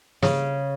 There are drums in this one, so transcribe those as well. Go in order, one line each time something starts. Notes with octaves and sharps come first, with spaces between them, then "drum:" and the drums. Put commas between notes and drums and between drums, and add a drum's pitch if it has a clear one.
C#3, drum: snare